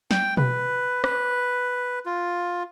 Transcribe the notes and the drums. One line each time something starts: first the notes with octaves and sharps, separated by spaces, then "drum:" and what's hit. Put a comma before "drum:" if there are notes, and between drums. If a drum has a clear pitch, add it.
G5, drum: snare
B4, drum: tom B2
B4, drum: rim click
F4